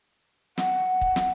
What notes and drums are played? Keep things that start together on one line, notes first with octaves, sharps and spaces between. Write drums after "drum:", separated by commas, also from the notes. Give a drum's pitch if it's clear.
F#5, drum: snare
drum: kick C#1
drum: snare